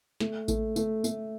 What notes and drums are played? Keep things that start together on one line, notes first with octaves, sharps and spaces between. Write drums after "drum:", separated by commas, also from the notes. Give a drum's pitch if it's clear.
A3, drum: snare
A3, drum: kick A1, tambourine
A3, drum: tambourine
A3, drum: tambourine